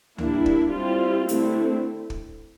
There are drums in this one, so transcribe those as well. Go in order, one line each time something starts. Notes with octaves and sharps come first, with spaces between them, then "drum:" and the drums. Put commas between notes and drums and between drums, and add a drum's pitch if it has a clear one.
G3 A#3 D4 E4, drum: tom C#2
drum: kick
G3 C4 E4 F4
D3 A3 C4 E4, drum: hi-hat
drum: kick